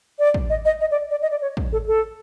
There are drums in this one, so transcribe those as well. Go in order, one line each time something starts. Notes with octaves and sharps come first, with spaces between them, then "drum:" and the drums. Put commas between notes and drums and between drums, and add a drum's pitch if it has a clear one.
D5
drum: kick
D#5
D#5
D#5
D5
D5
D#5
D5
C#5
drum: kick
A4
A4